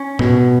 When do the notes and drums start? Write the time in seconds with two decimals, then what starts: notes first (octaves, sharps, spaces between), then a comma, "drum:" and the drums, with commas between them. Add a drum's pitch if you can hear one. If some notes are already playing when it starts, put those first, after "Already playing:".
Already playing: C#4
0.19 B2, drum: tom A2